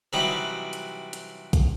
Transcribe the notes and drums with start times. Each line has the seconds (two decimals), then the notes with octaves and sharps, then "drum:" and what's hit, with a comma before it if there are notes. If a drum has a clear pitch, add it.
0.13 C3 E3 F#3 G3 D#4 B5
0.73 drum: hi-hat
1.13 drum: hi-hat
1.53 drum: kick A#1, hi-hat